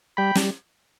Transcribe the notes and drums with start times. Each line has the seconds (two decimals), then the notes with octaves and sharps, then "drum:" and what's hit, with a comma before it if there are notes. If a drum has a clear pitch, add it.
0.17 G3 G5 B5
0.35 G3, drum: snare